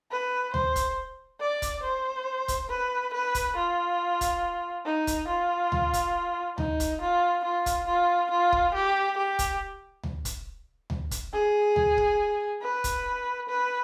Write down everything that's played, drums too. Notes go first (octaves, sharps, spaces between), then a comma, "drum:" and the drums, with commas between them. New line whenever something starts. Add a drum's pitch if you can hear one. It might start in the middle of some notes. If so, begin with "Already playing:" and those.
B4
C5, drum: tom D2
drum: kick, hi-hat
D5
drum: kick, hi-hat
C5
drum: kick, hi-hat
B4
B4
drum: kick, hi-hat
F4
drum: kick, hi-hat
D#4
drum: kick, hi-hat
F4
drum: tom D2
drum: kick, hi-hat
D#4, drum: tom D2
drum: kick, hi-hat
F4
F4
drum: kick, hi-hat
F4
F4
drum: kick
G4
G4
drum: kick, hi-hat
drum: tom D2
drum: kick, hi-hat
drum: tom D2
drum: kick, hi-hat
G#4
drum: tom D2
drum: kick
B4
drum: kick, hi-hat
B4